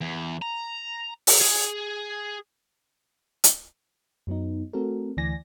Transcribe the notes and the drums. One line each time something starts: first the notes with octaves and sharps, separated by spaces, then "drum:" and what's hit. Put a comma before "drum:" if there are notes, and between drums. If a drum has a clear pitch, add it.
E2
A#5
drum: open hi-hat
G#4
drum: hi-hat
F#2 F#3 B3 D#4
A3 C4 F#4 A4 A#4
D2 E3 D5 G#5 A#6